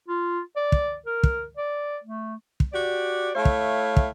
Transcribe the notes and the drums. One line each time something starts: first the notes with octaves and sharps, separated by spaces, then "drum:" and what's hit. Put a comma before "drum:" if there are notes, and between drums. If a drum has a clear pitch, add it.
F4
D5
drum: kick
A#4
drum: kick
D5
A3
drum: kick
F#4 G4 D5
A3 E4 C#5 F5
drum: kick
drum: kick